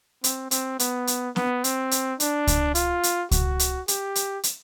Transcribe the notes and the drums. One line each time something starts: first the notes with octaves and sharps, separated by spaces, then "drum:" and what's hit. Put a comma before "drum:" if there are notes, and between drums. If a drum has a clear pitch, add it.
C4, drum: hi-hat
C4, drum: hi-hat
B3, drum: hi-hat
drum: hi-hat
B3, drum: snare
C4, drum: hi-hat
drum: hi-hat
D4, drum: hi-hat
drum: kick C#2, hi-hat
F4, drum: hi-hat
drum: hi-hat
F#4, drum: kick C#2, hi-hat
drum: hi-hat
G4, drum: hi-hat
drum: hi-hat
drum: hi-hat